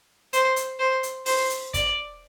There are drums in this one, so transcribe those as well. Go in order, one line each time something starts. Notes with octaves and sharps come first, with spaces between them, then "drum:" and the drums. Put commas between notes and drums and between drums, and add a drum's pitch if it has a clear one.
C5, drum: hi-hat
drum: hi-hat
C5
drum: hi-hat
C5, drum: open hi-hat
drum: hi-hat
D5, drum: kick, hi-hat